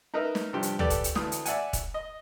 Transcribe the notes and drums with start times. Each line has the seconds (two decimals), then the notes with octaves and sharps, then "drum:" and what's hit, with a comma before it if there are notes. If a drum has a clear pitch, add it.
0.14 D#4 A#4 B4 D#5 E5
0.35 drum: snare
0.53 G2 C3 F3 D4 G4
0.63 drum: hi-hat
0.79 G4 A4 B4 D5, drum: tom
0.90 drum: kick, hi-hat
1.04 drum: hi-hat
1.15 D2 E3 A3 D#6, drum: snare
1.32 drum: hi-hat
1.46 D5 E5 F#5 G#5, drum: hi-hat
1.73 drum: kick, hi-hat
1.94 D#5